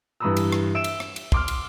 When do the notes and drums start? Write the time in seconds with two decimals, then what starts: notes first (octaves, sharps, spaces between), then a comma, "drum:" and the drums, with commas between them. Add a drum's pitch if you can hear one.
0.20 G2 E3 A#5 B5 D#6 E6
0.37 drum: cymbal
0.52 drum: rim click
0.75 E5 E6 D7 E7
0.84 drum: cymbal
1.00 drum: rim click
1.16 drum: cymbal
1.32 C6 D6 F6, drum: kick
1.48 drum: cymbal